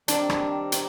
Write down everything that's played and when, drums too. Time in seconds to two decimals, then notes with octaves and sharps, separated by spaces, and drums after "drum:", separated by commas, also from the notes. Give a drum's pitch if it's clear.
0.08 D#3 G3 C4 D4 G4 A#4, drum: hi-hat
0.30 drum: rim click
0.72 drum: hi-hat